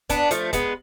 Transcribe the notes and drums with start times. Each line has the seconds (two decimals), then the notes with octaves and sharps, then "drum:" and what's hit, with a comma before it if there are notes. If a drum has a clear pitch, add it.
0.10 B3 D4, drum: kick, hi-hat
0.31 F3 A3, drum: hi-hat
0.53 G#3 B3, drum: kick, hi-hat